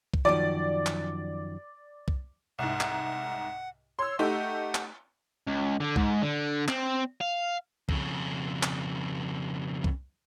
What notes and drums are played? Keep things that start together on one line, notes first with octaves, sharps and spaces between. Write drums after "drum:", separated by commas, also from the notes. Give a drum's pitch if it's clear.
drum: kick C2
F#2 D#3 F3 D5 D6
drum: clap
drum: kick C2
C2 G#2 F#5
drum: clap
C#5 C6 E6
A3 D#4 G4 F#5
drum: clap
C#2
D3
G#2, drum: kick C2
D3
C4, drum: clap
F5
F2 C#3, drum: kick C2
drum: clap
drum: kick C2